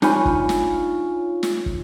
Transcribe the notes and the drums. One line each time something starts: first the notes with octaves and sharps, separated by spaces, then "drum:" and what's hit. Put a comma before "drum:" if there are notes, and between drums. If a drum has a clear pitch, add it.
D4 D#4 F4 C#5 G#5 B5, drum: snare
drum: kick
drum: snare
drum: snare
drum: kick